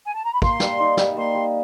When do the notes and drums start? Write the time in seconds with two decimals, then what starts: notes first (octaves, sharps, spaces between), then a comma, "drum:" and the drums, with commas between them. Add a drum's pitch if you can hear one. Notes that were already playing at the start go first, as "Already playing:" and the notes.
0.05 G#5
0.14 A5
0.23 A#5
0.32 B5
0.42 A#3 C6, drum: kick
0.60 G3, drum: snare
0.80 D#4
0.97 G3, drum: snare
1.17 A#3 C6
1.35 G3